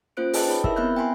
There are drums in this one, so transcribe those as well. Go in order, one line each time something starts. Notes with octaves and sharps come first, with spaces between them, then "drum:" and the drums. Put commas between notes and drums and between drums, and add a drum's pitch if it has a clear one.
A#3 C#4 F4 C5 F#6 D7
G#4 B4 D#5 G5 A5, drum: open hi-hat
D#4 C#5 D#5 B5
E4 G4 A#4 E5 B5 E6, drum: kick
B3 C4 E5 B5 F#6 G6
G5 G#5 B5 C6